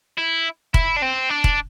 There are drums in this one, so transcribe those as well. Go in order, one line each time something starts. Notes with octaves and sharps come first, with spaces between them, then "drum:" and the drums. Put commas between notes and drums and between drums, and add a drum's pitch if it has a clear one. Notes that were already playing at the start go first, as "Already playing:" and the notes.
E4
E4, drum: kick
D4
C4
D4
drum: kick